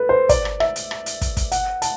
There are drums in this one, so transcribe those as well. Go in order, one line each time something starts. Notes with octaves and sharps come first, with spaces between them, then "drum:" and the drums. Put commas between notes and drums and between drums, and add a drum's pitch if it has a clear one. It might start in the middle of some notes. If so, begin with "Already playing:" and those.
Already playing: A4 B4
C5
D5, drum: kick, hi-hat
drum: rim click
E5, drum: rim click
drum: hi-hat
drum: rim click
drum: hi-hat
drum: kick, hi-hat
drum: kick, hi-hat
F#5, drum: hi-hat
A5, drum: hi-hat